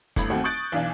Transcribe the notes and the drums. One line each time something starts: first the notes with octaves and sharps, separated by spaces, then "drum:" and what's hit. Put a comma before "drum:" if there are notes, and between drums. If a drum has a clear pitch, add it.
G1 A3 E4 B5, drum: kick F#1, hi-hat
D#2 A3 C4 F#4 F#5
C#6 D#6 F#6 G6 A6 D7
B1 E3 D4 F5 G#5